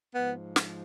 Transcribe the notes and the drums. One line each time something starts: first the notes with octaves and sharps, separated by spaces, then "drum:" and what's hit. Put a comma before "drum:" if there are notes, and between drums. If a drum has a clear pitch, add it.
G#2 F3 B3
drum: snare